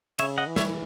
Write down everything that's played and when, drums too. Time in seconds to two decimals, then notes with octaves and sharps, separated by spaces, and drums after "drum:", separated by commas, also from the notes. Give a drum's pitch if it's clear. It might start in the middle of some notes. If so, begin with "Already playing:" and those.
0.19 C#3 C#5 E5, drum: cymbal
0.38 D#5 F#5
0.47 E3
0.56 C#5 E5, drum: snare